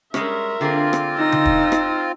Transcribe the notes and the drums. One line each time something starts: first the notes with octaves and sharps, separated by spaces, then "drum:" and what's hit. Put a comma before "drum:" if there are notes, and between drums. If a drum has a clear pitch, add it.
G3 G#3 C#4 A#4 E5, drum: rim click
D3 A#3 C4 F4 G#4
drum: rim click
D#4 E6 A#6
drum: tom C#3
drum: kick
drum: rim click